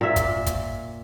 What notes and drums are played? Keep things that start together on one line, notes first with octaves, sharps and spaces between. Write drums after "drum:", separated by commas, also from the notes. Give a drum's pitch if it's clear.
A#2 E5
drum: kick, hi-hat
drum: kick, hi-hat